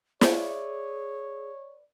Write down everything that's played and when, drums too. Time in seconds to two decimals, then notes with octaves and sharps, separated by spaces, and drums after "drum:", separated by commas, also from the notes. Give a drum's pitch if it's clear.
0.21 G#4 B4 C#5 D5 E5, drum: snare